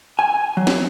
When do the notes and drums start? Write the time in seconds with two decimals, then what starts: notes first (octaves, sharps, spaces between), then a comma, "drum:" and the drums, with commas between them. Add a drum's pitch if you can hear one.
0.19 G#5
0.57 F#3
0.67 drum: snare